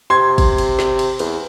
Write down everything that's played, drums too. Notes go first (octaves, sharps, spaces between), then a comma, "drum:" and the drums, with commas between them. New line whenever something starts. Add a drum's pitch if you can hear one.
C3 C6 G#6
drum: kick, cymbal
drum: cymbal
drum: snare
drum: cymbal
E2, drum: cymbal